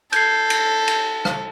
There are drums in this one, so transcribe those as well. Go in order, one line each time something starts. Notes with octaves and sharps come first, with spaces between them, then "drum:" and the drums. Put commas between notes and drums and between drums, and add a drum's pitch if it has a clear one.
A4 G6 G#6 C7, drum: cymbal
drum: cymbal
drum: cymbal
drum: rim click